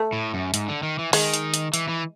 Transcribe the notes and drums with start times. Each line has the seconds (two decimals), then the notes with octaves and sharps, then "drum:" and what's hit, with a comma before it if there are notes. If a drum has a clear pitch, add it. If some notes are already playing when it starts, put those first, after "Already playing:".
Already playing: A3
0.13 A2
0.34 F#2
0.54 G#2, drum: hi-hat
0.69 D3
0.83 D#3
0.99 E3
1.13 D#3 G#3, drum: open hi-hat
1.34 drum: hi-hat
1.54 drum: hi-hat
1.74 E3, drum: hi-hat
1.88 E3